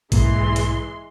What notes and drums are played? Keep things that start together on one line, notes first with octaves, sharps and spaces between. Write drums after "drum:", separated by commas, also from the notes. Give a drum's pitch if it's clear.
B1 G#2 E3 G#3 A#3 C6, drum: kick G#1, hi-hat
drum: hi-hat